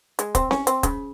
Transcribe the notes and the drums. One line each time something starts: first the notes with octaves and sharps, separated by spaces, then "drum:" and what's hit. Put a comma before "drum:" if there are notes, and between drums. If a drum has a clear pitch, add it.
G#3, drum: hi-hat
C4, drum: kick, hi-hat
C#4, drum: snare C4
C4, drum: hi-hat
C#3, drum: kick, hi-hat